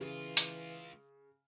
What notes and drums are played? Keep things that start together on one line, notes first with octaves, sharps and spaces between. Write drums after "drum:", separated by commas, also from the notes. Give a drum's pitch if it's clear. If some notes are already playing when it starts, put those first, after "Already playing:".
C#2 C#3 E3 F4
drum: hi-hat